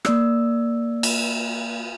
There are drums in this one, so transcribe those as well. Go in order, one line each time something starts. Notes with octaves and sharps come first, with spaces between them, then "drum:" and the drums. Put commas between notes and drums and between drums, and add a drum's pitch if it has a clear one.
A#3 D5 E6, drum: rim click
drum: cymbal